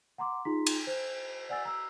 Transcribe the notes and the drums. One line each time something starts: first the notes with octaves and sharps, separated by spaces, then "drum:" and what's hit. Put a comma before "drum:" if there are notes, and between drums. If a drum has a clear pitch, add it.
F#5 A#5 C6 D6
D#4 F4 G#4 A#5 C6 B6
drum: cymbal
C5
D5 F#5 G#5 E6 A6
A#5 E6